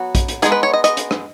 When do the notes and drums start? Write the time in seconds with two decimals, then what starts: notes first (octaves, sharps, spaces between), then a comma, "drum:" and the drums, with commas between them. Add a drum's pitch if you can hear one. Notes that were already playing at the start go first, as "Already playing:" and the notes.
Already playing: F#3 B3 F#4
0.15 drum: kick A#1, hi-hat
0.28 drum: hi-hat
0.42 G#3 B3 D#4 G#4, drum: hi-hat
0.52 B4
0.63 C#5
0.74 D#5
0.84 D#5, drum: hi-hat
0.97 drum: hi-hat
1.11 drum: rim click